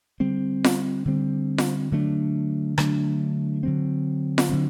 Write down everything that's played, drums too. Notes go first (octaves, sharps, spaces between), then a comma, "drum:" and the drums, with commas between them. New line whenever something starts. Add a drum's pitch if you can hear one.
D3 G3 C4
drum: snare F4
D3 G3 C4
drum: snare F4
D3 F#3 A3 D4
D3 F#3 A3 D4, drum: rim click
D3 F#3 C4
drum: snare F4
D3 F#3 C4